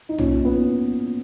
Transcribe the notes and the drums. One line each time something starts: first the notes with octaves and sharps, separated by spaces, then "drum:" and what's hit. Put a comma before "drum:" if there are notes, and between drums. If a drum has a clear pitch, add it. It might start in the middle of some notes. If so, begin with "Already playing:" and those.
D#4
A#2 C#4, drum: tom B1
B3